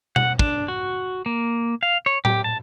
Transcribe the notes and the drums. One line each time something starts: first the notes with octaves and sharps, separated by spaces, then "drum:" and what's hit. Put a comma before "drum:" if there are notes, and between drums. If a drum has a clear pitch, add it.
F#5, drum: tom B2
D4, drum: kick
F#4
A#3
F5
C#5
G4, drum: tom A2
A5